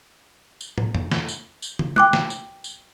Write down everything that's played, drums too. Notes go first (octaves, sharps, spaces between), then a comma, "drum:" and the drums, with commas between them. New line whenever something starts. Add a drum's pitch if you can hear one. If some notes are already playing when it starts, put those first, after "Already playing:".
drum: tambourine
drum: tom
drum: tom
drum: snare
drum: tambourine
drum: tambourine
drum: tom
G5 D6 F#6, drum: tom
drum: snare
drum: tambourine
drum: tambourine